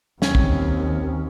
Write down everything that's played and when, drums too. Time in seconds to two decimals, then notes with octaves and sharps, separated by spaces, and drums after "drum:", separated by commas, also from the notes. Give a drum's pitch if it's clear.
0.22 D#2 C4 C#4, drum: snare
0.35 drum: kick